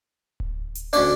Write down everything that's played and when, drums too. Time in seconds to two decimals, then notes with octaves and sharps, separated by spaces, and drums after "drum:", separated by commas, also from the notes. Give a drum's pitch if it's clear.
0.40 drum: kick D1
0.75 drum: hi-hat
0.93 D2 C#4 D4 D5, drum: open hi-hat